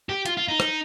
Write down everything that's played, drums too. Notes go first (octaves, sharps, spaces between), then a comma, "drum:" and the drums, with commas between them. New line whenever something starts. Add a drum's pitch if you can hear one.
G4
F4, drum: hi-hat
F4
D#4
drum: rim click